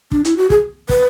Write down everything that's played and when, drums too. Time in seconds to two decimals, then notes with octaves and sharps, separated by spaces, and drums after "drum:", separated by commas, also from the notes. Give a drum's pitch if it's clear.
0.12 D4, drum: kick
0.25 E4, drum: hi-hat
0.37 F#4
0.50 G#4, drum: kick
0.89 B4, drum: kick